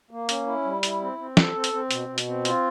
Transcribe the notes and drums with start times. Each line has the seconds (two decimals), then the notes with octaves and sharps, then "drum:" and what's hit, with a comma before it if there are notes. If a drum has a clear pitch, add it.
0.11 A#3
0.29 C#4, drum: hi-hat
0.47 E4
0.65 G3
0.83 E4, drum: hi-hat
1.01 C4
1.18 C4
1.37 A4, drum: snare
1.55 C4
1.64 drum: hi-hat
1.73 C4
1.91 B2, drum: hi-hat
2.09 B2
2.18 drum: hi-hat
2.27 C4
2.45 F4, drum: hi-hat